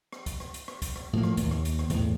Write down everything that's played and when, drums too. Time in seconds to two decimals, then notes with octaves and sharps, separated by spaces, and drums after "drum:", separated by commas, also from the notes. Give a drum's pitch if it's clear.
0.12 drum: rim click
0.26 drum: kick, hi-hat
0.40 drum: rim click
0.54 drum: hi-hat
0.68 drum: rim click
0.82 drum: kick, hi-hat
0.96 drum: rim click
1.13 A2 F3 A#3
1.23 drum: rim click
1.37 D#2, drum: kick, hi-hat
1.51 drum: rim click
1.65 drum: hi-hat
1.79 drum: rim click
1.90 E2 A2, drum: kick, hi-hat